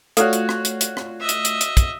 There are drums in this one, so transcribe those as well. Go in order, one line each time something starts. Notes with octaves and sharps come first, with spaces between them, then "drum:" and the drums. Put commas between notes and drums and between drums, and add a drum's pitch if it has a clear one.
A3 F4 F#4 A4 C#5 D5 F5, drum: hi-hat
drum: hi-hat
drum: rim click
drum: hi-hat
drum: hi-hat
drum: rim click
D#5 E5
drum: hi-hat
drum: hi-hat
drum: hi-hat
drum: kick, hi-hat